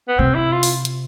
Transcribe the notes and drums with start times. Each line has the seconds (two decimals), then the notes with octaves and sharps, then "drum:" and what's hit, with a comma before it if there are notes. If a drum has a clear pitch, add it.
0.08 B3
0.19 C3 C4
0.35 E4
0.52 F4
0.63 drum: open hi-hat
0.85 drum: hi-hat